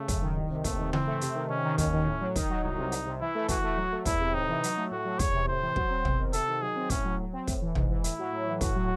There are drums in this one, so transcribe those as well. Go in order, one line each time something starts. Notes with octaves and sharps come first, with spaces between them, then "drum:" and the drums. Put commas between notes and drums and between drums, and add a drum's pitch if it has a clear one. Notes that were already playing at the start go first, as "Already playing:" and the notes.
Already playing: C#3 A3
F#2, drum: kick, hi-hat
D#3
C2
C3
D#2 A3, drum: kick, hi-hat
D#3
E3 C4, drum: tom C#3
A3
C3, drum: hi-hat
D#3
C3 C#4
D#3
D#2 C#4, drum: kick, hi-hat
D#3
A2
F#3
D#3 D#4, drum: kick, hi-hat
F#3
C2 D#4
C3
C2, drum: hi-hat
C3
E3 E4
A3
E3 F#4, drum: kick, hi-hat
A3
F#3
A3
E2 E4, drum: kick, hi-hat
C3
A2 D#4
E3
F#3, drum: hi-hat
A3
A2 F#4
F#3
E2 C#5, drum: kick, hi-hat
C3
A2 C5
E3
F#3, drum: kick
C4
E2, drum: tom
D#3
C3 A4, drum: hi-hat
D#3
F#3 G#4
C4
A2 C#4, drum: kick, hi-hat
F#3
F#3
C4
A2, drum: kick, hi-hat
E3
G#2, drum: tom
E3
A2 E4, drum: hi-hat
F#3
A2
E3
A2 F#4, drum: kick, hi-hat
F#3